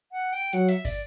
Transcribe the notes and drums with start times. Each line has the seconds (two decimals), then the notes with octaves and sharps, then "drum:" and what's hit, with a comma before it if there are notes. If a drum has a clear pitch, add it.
0.12 F#5
0.33 G5
0.53 F#3 F#5, drum: hi-hat
0.69 E5, drum: hi-hat
0.85 D5, drum: kick, open hi-hat